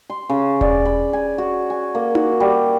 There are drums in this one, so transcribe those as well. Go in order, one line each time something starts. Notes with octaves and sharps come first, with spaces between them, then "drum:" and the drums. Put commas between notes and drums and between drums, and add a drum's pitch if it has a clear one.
C6
C#3
D5, drum: kick E1
B5
G#5
F#4
G#5
A#3
F#4, drum: tom D#4
G3